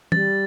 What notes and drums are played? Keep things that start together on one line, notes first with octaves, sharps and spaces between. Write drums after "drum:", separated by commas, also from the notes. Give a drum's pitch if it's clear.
G3 A6, drum: tom E3